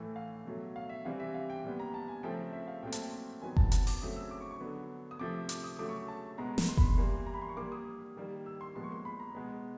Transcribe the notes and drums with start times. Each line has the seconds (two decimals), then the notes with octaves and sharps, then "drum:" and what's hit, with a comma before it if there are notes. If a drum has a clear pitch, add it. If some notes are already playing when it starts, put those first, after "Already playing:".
Already playing: A2 E3 A3
0.16 F5
0.45 B2 F#3 A3
0.76 F5
0.89 E5
1.05 C3 E3 G3 C4 F5
1.20 E5
1.34 F5
1.50 G5
1.64 A#2 G3 B3
1.80 A#5
1.94 A5
2.08 G#5
2.23 C#3 F3 A3 C4 G5
2.53 E5
2.67 F5
2.83 A#2 F#3 A3 C4 G5
2.92 A5, drum: hi-hat
3.02 G5
3.42 D#3 F#3 B3 G#5
3.56 A5, drum: kick F#1
3.72 A5, drum: hi-hat
3.87 D6, drum: open hi-hat
4.01 C#3 F#3 A3 C4 D#6
4.16 E6
4.31 D6
4.41 C#6
4.51 C#6
4.60 D3 F#3 B3
5.11 D#6
5.19 C3 F3 A3 D6
5.49 D6, drum: hi-hat
5.64 D#6
5.79 C#3 F#3 A3 D6
5.89 C#6
6.08 A5
6.38 B2 G#3 B3 A#5
6.58 drum: snare
6.69 C6
6.77 B5, drum: kick F#1
6.87 C6
6.98 E3 G3 A#3
7.26 A#5
7.34 B5
7.42 C6
7.49 C#6
7.57 A#2 G3 A#3 D6
7.72 D#6
8.17 D#3 G3 A#3
8.46 E6
8.61 C6
8.75 A#2 F3 G#3 B3 C6
8.84 C#6
8.92 C6
9.05 B5
9.20 A#5
9.35 B2 G#3 B3